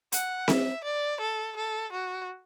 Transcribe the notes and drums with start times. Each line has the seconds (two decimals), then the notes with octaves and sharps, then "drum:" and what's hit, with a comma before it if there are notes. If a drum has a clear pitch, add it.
0.12 F#5, drum: hi-hat
0.48 E5, drum: snare C4
0.84 D5
1.20 A4
1.56 A4
1.92 F#4